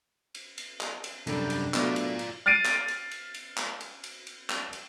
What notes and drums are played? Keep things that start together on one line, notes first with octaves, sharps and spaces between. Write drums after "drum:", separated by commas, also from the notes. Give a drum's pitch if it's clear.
drum: cymbal
drum: cymbal
drum: clap
drum: cymbal
F#2 C3 G3 D4 A4, drum: cymbal
drum: cymbal
F#3 A3 B3 F4 D5, drum: clap
drum: cymbal
drum: cymbal
F6 A6 C7 D7 D#7
drum: clap
drum: cymbal
drum: cymbal
drum: cymbal
drum: clap
drum: cymbal
drum: cymbal
drum: cymbal
drum: clap
drum: cymbal